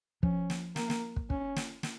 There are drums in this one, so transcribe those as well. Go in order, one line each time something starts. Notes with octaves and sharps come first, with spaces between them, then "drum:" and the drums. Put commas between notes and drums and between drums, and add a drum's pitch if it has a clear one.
F3 C#4, drum: kick
drum: snare
A#3, drum: snare
drum: snare
drum: kick
C#4, drum: kick
drum: snare
drum: snare